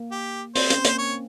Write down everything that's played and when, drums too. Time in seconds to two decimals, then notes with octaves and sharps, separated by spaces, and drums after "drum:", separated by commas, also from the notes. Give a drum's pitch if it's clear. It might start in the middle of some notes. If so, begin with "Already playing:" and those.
Already playing: A#3
0.12 G4
0.56 C4 C5, drum: open hi-hat
0.70 C#4, drum: hi-hat
0.85 A#3 C5, drum: hi-hat
0.99 C#5